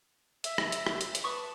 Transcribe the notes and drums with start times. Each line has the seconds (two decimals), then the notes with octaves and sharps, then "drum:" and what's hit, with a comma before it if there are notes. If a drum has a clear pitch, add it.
0.44 E5, drum: hi-hat
0.58 drum: rim click
0.72 drum: hi-hat
0.87 drum: rim click
1.01 drum: hi-hat
1.15 drum: hi-hat
1.24 B4 A5 C#6 D#6